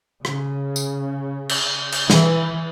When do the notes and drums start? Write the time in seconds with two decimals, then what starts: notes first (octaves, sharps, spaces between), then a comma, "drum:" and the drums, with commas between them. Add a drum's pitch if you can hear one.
0.25 C#3, drum: rim click
0.76 drum: tambourine
1.49 drum: cymbal
1.92 drum: cymbal
2.10 E3, drum: snare